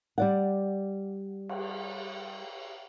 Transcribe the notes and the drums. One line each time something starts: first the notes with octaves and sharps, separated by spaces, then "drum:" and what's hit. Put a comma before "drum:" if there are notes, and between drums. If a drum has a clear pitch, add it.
G3 D5 F#5
drum: cymbal